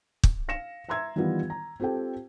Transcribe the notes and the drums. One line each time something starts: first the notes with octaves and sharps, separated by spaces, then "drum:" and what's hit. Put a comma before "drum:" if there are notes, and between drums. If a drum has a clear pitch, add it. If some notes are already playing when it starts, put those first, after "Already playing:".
drum: kick
F5 A#6 C#7 E7
E5 A#5 C6 E6 G#6
D#3 E3 G3 B3 F4
A#5
C4 F4 G4 A4 G5